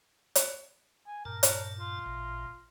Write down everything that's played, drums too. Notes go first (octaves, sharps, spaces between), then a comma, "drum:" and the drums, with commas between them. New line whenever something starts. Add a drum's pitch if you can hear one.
drum: hi-hat
G#5
G2 A#2 A#4 A5
drum: hi-hat
F4
A1 A#2